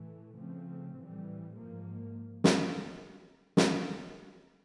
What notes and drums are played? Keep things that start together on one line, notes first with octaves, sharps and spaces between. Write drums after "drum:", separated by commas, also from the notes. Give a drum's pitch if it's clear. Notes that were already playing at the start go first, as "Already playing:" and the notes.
Already playing: A2 E3 A3
C#3 F3 A3 C4
A2 E3 G3
G#2 F3 A#3
drum: snare
drum: snare